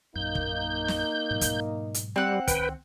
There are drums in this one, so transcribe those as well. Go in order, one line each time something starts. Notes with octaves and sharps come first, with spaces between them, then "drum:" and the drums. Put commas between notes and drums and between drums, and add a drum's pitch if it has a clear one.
A#1 F#2 A#3 D#4 G6
drum: kick
drum: snare
G#2 B2 F#3
drum: kick, hi-hat
drum: hi-hat
G3 C4 F#5
C#2 D#3 B4 G5, drum: kick, hi-hat